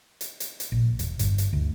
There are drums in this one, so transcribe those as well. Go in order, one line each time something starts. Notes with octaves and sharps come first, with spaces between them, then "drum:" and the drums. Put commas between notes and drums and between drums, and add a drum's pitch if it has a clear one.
drum: hi-hat
drum: hi-hat
drum: hi-hat
A#1
E1, drum: hi-hat
G1, drum: hi-hat
drum: hi-hat
D2